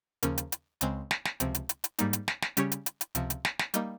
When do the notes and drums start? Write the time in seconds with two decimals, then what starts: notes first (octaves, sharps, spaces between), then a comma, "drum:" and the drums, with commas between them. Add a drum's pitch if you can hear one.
0.23 D#2 C#3 F3 A#3 C#4, drum: hi-hat
0.38 drum: hi-hat
0.52 drum: hi-hat
0.81 C#2 C#3 G#3 C4, drum: hi-hat
1.11 drum: snare
1.25 drum: snare
1.40 C#2 C3 F3 C4, drum: hi-hat
1.55 drum: hi-hat
1.69 drum: hi-hat
1.84 drum: hi-hat
1.99 G#2 G3 A#3 D#4, drum: hi-hat
2.13 drum: hi-hat
2.28 drum: snare
2.42 drum: snare
2.57 C#3 G3 C#4 G4 C#5, drum: hi-hat
2.72 drum: hi-hat
2.86 drum: hi-hat
3.01 drum: hi-hat
3.15 C#2 C3 F3, drum: hi-hat
3.30 drum: hi-hat
3.45 drum: snare
3.59 drum: snare
3.74 G3 A#3 D#4, drum: hi-hat